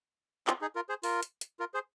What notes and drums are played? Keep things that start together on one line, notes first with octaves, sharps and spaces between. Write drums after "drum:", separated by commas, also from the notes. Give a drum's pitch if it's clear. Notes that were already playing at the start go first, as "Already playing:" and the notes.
C4 F4, drum: clap
D#4 G#4
F4 A#4
G#4 C5
F4 A#4, drum: open hi-hat
drum: hi-hat
drum: hi-hat
F4 A#4
G#4 C5